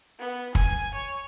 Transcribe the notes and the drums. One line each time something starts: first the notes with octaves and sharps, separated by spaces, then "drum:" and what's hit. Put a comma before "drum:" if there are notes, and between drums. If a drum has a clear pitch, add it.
B3
G#5, drum: kick
C#5